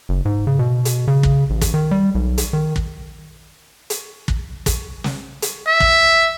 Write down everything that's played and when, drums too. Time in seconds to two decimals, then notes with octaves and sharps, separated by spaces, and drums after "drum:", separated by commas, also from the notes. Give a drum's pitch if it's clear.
0.09 F#1
0.25 G#2
0.47 C#3
0.59 B2
0.85 drum: hi-hat
1.08 C#3
1.23 drum: kick
1.50 A1
1.61 drum: kick, hi-hat
1.74 D#3
1.91 G3
2.15 B1
2.38 drum: hi-hat
2.53 D#3
2.76 drum: kick
3.90 drum: hi-hat
4.28 drum: kick
4.66 drum: kick, hi-hat
5.04 drum: snare
5.42 drum: hi-hat
5.67 E5
5.80 drum: kick